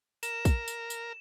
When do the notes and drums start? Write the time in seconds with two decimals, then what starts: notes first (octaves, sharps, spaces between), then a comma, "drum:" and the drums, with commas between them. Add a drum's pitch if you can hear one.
0.23 A#4 E7, drum: tambourine
0.45 drum: kick, tambourine
0.68 drum: tambourine
0.90 drum: tambourine